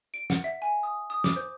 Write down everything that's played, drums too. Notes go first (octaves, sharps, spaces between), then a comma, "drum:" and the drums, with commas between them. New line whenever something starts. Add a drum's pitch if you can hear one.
D7
F#5, drum: snare
E5
G#5
D#6
D#6
D6, drum: snare
C5